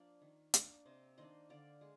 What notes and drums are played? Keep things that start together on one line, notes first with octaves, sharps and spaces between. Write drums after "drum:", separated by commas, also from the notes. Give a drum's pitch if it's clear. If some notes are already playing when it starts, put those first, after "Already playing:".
Already playing: F3 A#3 D4 F5
D#3
A#3 D4, drum: hi-hat
C3 C5 D#5
D#3 A#3 D4 C5 D#5
D3 D5 F5
G#3